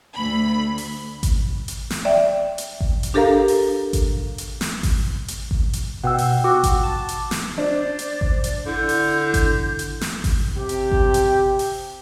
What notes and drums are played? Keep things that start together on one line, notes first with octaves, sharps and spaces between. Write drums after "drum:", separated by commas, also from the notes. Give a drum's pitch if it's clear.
D2 B5
drum: open hi-hat
drum: kick G#1, hi-hat
drum: hi-hat
drum: snare
D5 E5 G5
drum: hi-hat
drum: kick G#1
drum: hi-hat
D4 G4 A4 A#4 F5 A#5
drum: open hi-hat
drum: kick G#1, hi-hat
drum: hi-hat
drum: snare
drum: kick G#1, open hi-hat
drum: hi-hat
drum: kick G#1
drum: hi-hat
B2 F#5 G5 E6
drum: open hi-hat
F#4 D6
drum: kick G#1, hi-hat
A5
drum: hi-hat
drum: snare
D4 C5 D5
drum: hi-hat
drum: kick G#1
drum: hi-hat
D3 E4 G6
drum: open hi-hat
drum: kick G#1, hi-hat
drum: hi-hat
drum: snare
drum: kick G#1, open hi-hat
C3 G4
drum: hi-hat
drum: kick G#1
drum: hi-hat
drum: open hi-hat